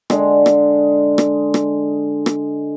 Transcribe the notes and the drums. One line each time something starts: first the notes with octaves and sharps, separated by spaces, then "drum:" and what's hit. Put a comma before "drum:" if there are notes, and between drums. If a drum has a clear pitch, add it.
D3 G#3, drum: rim click
drum: rim click
drum: rim click
drum: rim click
drum: rim click